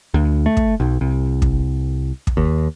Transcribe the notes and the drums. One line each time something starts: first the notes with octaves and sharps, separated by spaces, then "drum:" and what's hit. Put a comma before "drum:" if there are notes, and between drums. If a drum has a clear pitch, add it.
D2
A3
drum: kick
B1
C2
drum: kick
drum: kick
D#2